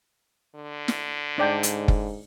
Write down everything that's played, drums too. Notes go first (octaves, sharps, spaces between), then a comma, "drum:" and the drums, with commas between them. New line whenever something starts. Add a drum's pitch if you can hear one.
D3
drum: snare
G#2 D4 D5 G5
drum: hi-hat
drum: kick F#1